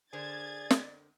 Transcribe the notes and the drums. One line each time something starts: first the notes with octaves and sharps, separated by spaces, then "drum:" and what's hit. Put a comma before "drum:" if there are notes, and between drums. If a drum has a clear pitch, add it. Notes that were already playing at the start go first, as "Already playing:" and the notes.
D3 G#4 A#4 C5 D5 G#6 A6
drum: snare